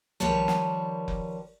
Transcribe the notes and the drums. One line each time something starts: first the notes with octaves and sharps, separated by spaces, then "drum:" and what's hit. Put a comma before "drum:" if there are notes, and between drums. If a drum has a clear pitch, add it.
D#3 F3 G3 B4 C#5 A5, drum: tom C2
drum: snare
drum: kick F1